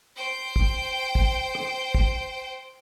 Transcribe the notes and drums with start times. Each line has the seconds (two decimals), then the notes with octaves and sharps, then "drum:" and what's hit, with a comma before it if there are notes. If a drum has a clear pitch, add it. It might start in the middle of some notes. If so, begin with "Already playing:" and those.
0.16 C5 G5
0.56 drum: kick
1.15 drum: kick
1.55 drum: rim click
1.95 drum: kick